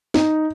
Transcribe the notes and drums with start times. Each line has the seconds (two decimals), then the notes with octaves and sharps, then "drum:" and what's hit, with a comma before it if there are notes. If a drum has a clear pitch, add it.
0.14 D#4, drum: snare